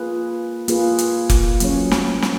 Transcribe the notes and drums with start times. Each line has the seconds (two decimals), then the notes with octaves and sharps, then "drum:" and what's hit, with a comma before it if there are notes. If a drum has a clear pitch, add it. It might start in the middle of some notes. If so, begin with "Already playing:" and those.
Already playing: A#3 F4 G#4 B4
0.68 A#3 F4 G#4 B4, drum: hi-hat
0.98 drum: hi-hat
1.29 drum: kick F1, hi-hat
1.60 F#3 A#3 C#4 G#4 C#5, drum: hi-hat
1.91 drum: snare
2.22 drum: snare